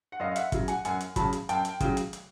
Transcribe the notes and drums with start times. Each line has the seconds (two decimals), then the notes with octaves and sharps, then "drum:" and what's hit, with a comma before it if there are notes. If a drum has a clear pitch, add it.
0.12 F#5
0.20 F#2 D#5 F5
0.32 F5
0.36 E5 F#5, drum: hi-hat
0.52 C#3 F#3, drum: kick, hi-hat
0.68 F#5 G#5, drum: hi-hat
0.85 F#2 F#5 G#5, drum: hi-hat
1.01 drum: hi-hat
1.16 C#3 F#3 A5 B5, drum: kick, hi-hat
1.33 drum: hi-hat
1.49 F#2 G5 A5, drum: hi-hat
1.65 drum: hi-hat
1.80 C#3 F#3, drum: kick, hi-hat
1.97 drum: hi-hat
2.13 drum: hi-hat